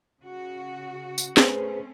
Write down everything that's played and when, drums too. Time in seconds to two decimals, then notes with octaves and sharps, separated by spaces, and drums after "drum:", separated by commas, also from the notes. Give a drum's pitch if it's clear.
0.21 C#3 F#4
1.18 drum: tambourine
1.37 A3 C4 C#4 G#4 B4 C5, drum: snare